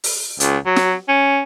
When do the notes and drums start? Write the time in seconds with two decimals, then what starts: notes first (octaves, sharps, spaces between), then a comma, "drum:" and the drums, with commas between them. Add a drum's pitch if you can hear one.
0.04 drum: open hi-hat
0.40 C#2, drum: hi-hat
0.66 F#3
0.76 drum: snare
1.08 C#4